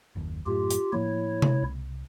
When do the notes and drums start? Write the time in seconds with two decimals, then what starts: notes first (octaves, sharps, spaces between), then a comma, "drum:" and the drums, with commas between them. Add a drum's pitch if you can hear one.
0.15 F#1 D#2
0.46 F#2 A2 F4 G4
0.70 drum: hi-hat
0.93 A2 F3 A#3 E4 C#5
1.42 drum: tom C3
1.62 C2